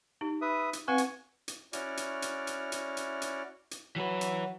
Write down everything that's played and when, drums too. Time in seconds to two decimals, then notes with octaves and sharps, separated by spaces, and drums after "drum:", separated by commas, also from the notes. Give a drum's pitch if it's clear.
0.21 D#4 G4
0.41 B4 E5 D#6
0.73 drum: hi-hat
0.88 C4 B4 F5 G#5 C#6
0.98 drum: hi-hat
1.48 drum: hi-hat
1.73 C#4 E4 F#4 D5 F6, drum: hi-hat
1.97 drum: hi-hat
2.22 drum: hi-hat
2.47 drum: hi-hat
2.72 drum: hi-hat
2.97 drum: hi-hat
3.22 drum: hi-hat
3.71 drum: hi-hat
3.96 E3 F#3 B4
4.21 drum: hi-hat